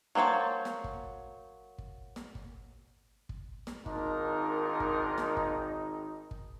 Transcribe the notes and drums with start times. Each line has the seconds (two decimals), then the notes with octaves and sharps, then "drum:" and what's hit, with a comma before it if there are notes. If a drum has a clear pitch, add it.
0.15 F#3 A#3 C5 C#5 A5
0.65 drum: snare
0.84 drum: kick
1.78 drum: kick
2.16 drum: snare
2.35 drum: kick
3.29 drum: kick
3.67 drum: snare
3.86 G#1 D4 D#4 F4 A#4, drum: kick
4.80 drum: kick
5.18 drum: snare
5.37 drum: kick
6.31 drum: kick